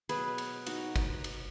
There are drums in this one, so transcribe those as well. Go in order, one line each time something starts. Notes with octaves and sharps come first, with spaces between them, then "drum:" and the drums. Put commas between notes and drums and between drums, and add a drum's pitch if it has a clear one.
B2 F#3 B3 G#4 B4, drum: cymbal
drum: cymbal
D#4 F#4, drum: cymbal
drum: kick G#1, cymbal
drum: cymbal